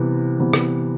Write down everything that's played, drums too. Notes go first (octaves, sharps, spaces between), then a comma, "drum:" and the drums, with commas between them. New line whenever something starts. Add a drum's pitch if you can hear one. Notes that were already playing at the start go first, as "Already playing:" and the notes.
Already playing: C3 E3 G3 B3
C3 E3 G3 B3
drum: rim click